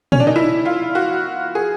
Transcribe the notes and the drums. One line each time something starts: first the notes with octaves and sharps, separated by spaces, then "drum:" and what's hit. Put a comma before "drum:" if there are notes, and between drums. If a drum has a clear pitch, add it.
C#4, drum: tom A#2
D4
D#4
E4
F4
F#4
G#4